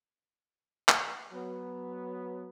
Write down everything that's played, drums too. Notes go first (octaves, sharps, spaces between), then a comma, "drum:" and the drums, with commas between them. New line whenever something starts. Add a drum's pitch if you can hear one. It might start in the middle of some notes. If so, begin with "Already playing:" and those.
drum: clap
F#3 B3